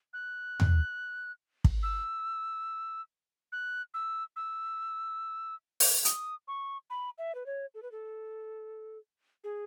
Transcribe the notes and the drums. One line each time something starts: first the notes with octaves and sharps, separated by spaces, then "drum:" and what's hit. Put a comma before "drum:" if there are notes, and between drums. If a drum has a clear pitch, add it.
F#6
drum: tom
drum: kick
E6
F#6
E6
E6
drum: open hi-hat
D#6, drum: hi-hat
C#6
B5
E5
B4
C#5
A4
B4
A4
G#4